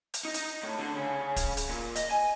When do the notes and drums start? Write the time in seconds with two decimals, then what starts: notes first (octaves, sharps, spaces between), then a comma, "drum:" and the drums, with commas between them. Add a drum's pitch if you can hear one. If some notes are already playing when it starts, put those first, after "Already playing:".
0.14 drum: hi-hat
0.25 D#4
0.34 drum: hi-hat
0.63 A2
0.79 D3
0.95 C#3
1.36 drum: kick, hi-hat
1.57 drum: hi-hat
1.69 A#2
1.95 D#5, drum: hi-hat
2.11 G#5